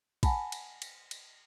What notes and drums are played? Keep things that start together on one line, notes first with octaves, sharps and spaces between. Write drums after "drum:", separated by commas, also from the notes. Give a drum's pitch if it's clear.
F#5 G#5 A5 B5, drum: kick, cymbal
drum: cymbal
drum: cymbal
drum: cymbal